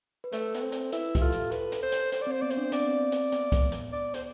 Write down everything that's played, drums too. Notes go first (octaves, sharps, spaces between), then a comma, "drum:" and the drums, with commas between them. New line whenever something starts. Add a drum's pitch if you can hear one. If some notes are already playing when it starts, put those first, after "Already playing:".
B4
A3 A4, drum: hi-hat
B3, drum: hi-hat
C4
drum: hi-hat
E4 B4, drum: hi-hat
E4 G4, drum: kick C2, hi-hat
F4 A4
drum: hi-hat
B4, drum: hi-hat
drum: hi-hat
C5
drum: hi-hat
C5, drum: hi-hat
D5
C4 C5
B3 D5
C5, drum: hi-hat
D4
C4 D5, drum: hi-hat
B3
C4
drum: hi-hat
B3, drum: hi-hat
drum: kick C2, hi-hat
drum: hi-hat
D5
C5, drum: hi-hat